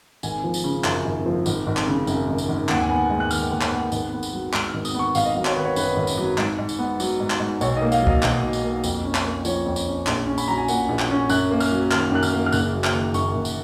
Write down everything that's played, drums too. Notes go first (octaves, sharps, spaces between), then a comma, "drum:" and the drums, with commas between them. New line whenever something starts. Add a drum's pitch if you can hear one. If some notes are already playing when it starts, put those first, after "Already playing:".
G#1 G#5, drum: tambourine
F3
drum: tambourine
C#3
F#2, drum: clap
G#1
F3
G#1, drum: tambourine
G#1
drum: clap
C#3
F#2, drum: tambourine
G#1
drum: tambourine
G#1
D#2 F#5, drum: clap
G#5
B3
F#5
G#3
F#6
D#3 F6, drum: tambourine
D#2
drum: clap
B3
G#1, drum: tambourine
B3
drum: tambourine
F#3
G#2 F6, drum: clap
F6
G#1
D#6, drum: tambourine
B3 C#6
G#1 F5, drum: tambourine
D#5
F#3 F5
C#5, drum: clap
D#3 B4
C#5
F#2 B4, drum: tambourine
G#1
drum: tambourine
F#3
G#2, drum: clap
G#2
drum: tambourine
B3
F#3, drum: tambourine
G#2
drum: clap
G#2
B1 C#5, drum: tambourine
D#5
A#3
F5, drum: tambourine
F#3
D#5, drum: kick C2
B2, drum: clap
B1
drum: tambourine
A#3
F2, drum: tambourine
C#4
drum: clap
A#3
F3 C#5, drum: tambourine
F2
drum: tambourine
C#4
A#1, drum: clap
C#4
B5, drum: tambourine
F#3 A#5
G#5
A#2 F#5, drum: tambourine
A#1
drum: clap
C#4
F#2 F#6, drum: tambourine
A#3
F6, drum: tambourine
F#3
D#3 F6, drum: clap
F#2 F#6
F6, drum: tambourine
A#3
F6
F#1 F#6, drum: tambourine
F#3
F6, drum: clap
D#3
F#2 C#6, drum: tambourine
F#1
drum: tambourine